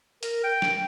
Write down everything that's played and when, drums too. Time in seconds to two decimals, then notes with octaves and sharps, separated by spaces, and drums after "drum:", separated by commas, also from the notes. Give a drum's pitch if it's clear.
0.23 A#4, drum: hi-hat
0.44 G5
0.62 drum: snare